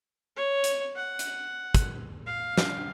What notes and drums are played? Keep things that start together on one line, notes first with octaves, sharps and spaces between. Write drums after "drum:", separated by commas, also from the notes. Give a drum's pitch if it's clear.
C#5
drum: hi-hat
F#5
drum: hi-hat
drum: kick, hi-hat
F5
drum: snare